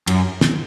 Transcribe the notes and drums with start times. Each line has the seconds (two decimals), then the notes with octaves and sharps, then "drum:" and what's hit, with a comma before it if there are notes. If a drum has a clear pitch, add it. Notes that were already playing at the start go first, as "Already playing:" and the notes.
0.07 F#2, drum: cymbal
0.41 drum: snare